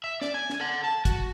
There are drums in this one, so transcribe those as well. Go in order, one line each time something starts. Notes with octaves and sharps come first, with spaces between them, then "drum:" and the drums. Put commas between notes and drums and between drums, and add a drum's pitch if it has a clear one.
E5
D5, drum: snare
G#5
drum: snare
A4 F#5
A5
F#4, drum: kick, hi-hat